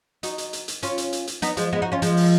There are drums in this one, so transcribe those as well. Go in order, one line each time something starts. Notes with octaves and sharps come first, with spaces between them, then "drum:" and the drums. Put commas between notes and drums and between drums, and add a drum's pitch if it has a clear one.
D#4 F#4, drum: hi-hat
drum: hi-hat
drum: hi-hat
drum: hi-hat
C#4 F4, drum: hi-hat
drum: hi-hat
drum: hi-hat
drum: hi-hat
B3 D#4, drum: hi-hat
F3 G#3, drum: hi-hat
G#3 B3
D#4 F#4
C#4 F4
F3 G#3, drum: hi-hat
drum: open hi-hat